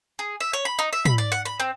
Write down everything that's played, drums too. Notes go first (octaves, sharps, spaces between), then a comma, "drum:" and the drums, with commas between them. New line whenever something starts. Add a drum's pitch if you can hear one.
G#4
E5
C#5
B5
D#4
E5
B5, drum: tom
D5
F#5
B5
C4